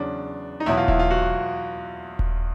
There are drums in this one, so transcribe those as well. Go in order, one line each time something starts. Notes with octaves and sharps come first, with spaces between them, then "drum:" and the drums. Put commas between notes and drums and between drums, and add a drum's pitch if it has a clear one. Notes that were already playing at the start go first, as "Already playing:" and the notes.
Already playing: E2 C#3 F#3 D4
D#4
E2 B2 F#3 E4
F4
E4, drum: kick D#1
F4
F#4
drum: kick D#1